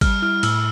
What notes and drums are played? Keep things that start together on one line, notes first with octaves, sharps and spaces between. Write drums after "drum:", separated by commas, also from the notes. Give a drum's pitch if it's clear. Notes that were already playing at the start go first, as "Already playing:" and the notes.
G3 F6, drum: kick G#1, cymbal
E4 F6
A2 E6, drum: cymbal